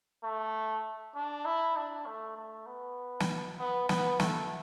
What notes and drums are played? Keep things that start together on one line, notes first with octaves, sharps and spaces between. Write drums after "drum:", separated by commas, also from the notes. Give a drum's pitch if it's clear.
A3
D4
E4
D4
A3
A3
B3
drum: snare
B3
B3, drum: snare
A3, drum: snare